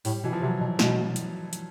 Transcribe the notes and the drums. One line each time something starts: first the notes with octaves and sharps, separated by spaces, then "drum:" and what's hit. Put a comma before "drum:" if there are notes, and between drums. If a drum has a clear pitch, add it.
A2 G3, drum: open hi-hat
B2 E3
F3
C3 F#3
B2
B2, drum: snare
drum: hi-hat
drum: hi-hat